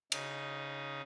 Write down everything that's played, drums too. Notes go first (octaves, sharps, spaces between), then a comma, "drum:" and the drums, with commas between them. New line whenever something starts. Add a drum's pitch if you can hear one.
C#3 D#4, drum: cymbal